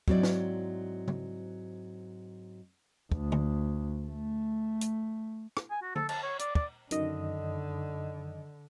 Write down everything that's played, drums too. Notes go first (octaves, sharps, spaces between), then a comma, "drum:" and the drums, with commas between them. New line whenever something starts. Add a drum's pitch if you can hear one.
G#2 F#3 C4 E4 D5, drum: kick
drum: snare
drum: tom C#3
D2, drum: kick
drum: tom D3
A3
drum: hi-hat
drum: rim click
G#5
F#4
A4, drum: tom D3
A5, drum: cymbal
C#5
D5, drum: hi-hat
D5, drum: kick
F#2 D3 D#3 D#5, drum: hi-hat